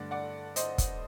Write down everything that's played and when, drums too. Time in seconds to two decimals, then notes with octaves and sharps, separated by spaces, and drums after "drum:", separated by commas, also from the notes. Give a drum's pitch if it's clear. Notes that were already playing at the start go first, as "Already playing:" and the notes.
Already playing: G2 D3 A3 D5 F#5
0.11 D5 F#5
0.56 C5 D#5, drum: hi-hat
0.78 drum: kick, hi-hat